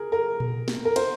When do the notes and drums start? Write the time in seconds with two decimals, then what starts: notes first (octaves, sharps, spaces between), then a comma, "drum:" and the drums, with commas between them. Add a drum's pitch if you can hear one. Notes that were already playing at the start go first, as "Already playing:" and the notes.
Already playing: G#4 A#4
0.12 A#4
0.40 drum: tom A#2
0.68 drum: snare
0.85 A#4
0.96 C5, drum: cymbal